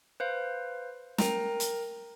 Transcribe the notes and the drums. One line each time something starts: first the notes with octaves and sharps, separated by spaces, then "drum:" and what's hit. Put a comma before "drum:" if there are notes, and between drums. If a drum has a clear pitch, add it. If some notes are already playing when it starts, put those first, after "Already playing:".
B4 C5 F5
A#4 G5 A#5, drum: snare
drum: hi-hat